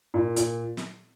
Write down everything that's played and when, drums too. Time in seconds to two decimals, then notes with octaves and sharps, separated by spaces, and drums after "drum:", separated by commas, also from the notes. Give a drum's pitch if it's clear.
0.14 A#2
0.36 A#2, drum: hi-hat
0.77 drum: snare